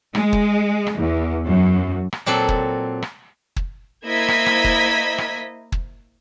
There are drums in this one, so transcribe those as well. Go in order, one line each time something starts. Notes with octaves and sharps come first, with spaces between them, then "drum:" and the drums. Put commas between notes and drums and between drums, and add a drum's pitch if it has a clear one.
G#3, drum: rim click
drum: kick
drum: rim click
E2
F#2
drum: rim click
A#2 F#3 C4 A4 F#5 C6
drum: kick
drum: rim click
drum: kick
A#3 E4 C5 D#5 G#6 B6
drum: rim click
drum: rim click
drum: kick
drum: rim click
drum: kick